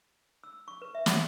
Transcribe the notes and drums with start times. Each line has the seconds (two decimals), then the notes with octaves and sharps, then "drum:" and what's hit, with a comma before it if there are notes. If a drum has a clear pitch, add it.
0.44 E6
0.68 C#6
0.82 B4
0.95 E5
1.06 D#6, drum: snare